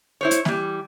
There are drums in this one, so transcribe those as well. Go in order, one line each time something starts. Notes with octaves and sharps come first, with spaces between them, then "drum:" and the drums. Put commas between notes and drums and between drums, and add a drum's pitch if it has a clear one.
E4 C5 C#5
drum: hi-hat
E3 G3, drum: snare